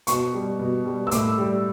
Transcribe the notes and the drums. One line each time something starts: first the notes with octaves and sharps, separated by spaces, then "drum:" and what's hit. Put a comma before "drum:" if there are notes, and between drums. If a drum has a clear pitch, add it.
B2 C#6, drum: hi-hat
G3
B2
G3
E6
A2 D6, drum: hi-hat
G3